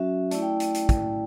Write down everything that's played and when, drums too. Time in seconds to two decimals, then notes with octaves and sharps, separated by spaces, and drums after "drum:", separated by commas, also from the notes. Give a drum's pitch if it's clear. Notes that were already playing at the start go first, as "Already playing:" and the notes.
Already playing: F#3 C#4 F#4 E5
0.31 A3 E4 D5, drum: hi-hat
0.42 G5
0.60 drum: hi-hat
0.74 drum: hi-hat
0.89 drum: kick, hi-hat